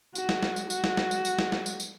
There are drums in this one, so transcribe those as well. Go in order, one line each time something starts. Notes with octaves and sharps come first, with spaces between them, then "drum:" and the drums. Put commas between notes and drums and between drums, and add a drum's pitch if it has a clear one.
F#4, drum: tambourine
drum: snare
drum: snare
drum: tambourine
F#4, drum: tambourine
drum: snare
drum: snare
drum: tambourine
drum: tambourine
drum: snare
drum: snare
drum: tambourine
drum: tambourine